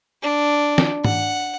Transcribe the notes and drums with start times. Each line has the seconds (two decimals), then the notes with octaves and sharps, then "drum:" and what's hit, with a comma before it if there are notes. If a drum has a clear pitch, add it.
0.22 D4
0.78 drum: snare
1.05 F#5, drum: tom G#2